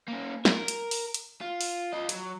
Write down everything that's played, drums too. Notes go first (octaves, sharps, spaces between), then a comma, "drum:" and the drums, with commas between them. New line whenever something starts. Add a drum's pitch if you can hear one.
A#3 C#4
A#4, drum: snare
drum: hi-hat
drum: open hi-hat
drum: hi-hat
F4
drum: open hi-hat
F4 D#5
F#3, drum: hi-hat